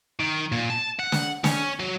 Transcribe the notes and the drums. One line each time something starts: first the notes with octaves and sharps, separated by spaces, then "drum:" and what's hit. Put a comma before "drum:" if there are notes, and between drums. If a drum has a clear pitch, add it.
D#3
A#2
A5
F#5
drum: snare
C#4, drum: snare
F#3